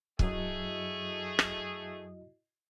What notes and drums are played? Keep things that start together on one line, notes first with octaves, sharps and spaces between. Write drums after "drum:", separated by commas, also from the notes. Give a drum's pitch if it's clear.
F#2 F#3 A3 E4 F#4 G#4 D#5, drum: kick
drum: rim click